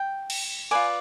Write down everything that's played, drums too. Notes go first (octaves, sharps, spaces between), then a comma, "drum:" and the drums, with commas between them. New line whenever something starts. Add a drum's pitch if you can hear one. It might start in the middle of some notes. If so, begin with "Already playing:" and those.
Already playing: G5
drum: cymbal
F4 B4 D5 G#5